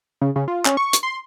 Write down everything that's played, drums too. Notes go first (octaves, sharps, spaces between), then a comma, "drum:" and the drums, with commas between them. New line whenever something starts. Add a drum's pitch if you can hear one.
C#3
C#3
F4
C#4, drum: clap
C#6
drum: hi-hat
C6